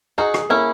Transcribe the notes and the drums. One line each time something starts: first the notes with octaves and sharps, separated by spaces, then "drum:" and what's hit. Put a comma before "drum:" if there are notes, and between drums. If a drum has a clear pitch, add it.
D#4 F#4 G#4
drum: rim click
A#3 C#4 E4